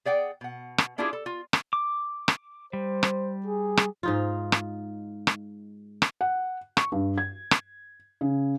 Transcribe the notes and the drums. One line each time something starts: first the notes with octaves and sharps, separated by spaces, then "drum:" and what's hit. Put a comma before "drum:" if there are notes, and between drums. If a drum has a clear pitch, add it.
G#4 D5 F#5 G5
B2 F#5
drum: rim click
C#4 D4 E4 F4 G4 G#4
A4
F4
drum: rim click
D6
drum: rim click
G3 C5
drum: rim click
G#4
drum: rim click
G#2 D#4 F4
drum: rim click
drum: rim click
drum: rim click
F#5
C#6, drum: rim click
G2
G#6
drum: rim click
C#3